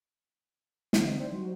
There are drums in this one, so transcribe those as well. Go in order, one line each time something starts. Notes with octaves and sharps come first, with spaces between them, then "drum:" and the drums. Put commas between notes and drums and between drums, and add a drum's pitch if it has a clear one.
D3 E3 C4 D#4, drum: snare
C5 D5 E5 G5 C6
F#3 G3 D#4 F#4 C5